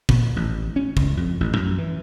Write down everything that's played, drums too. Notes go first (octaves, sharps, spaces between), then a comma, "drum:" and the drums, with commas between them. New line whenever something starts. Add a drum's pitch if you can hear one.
A#2, drum: kick
A1
C#4
C#2, drum: kick
F2
A1
F#2
E3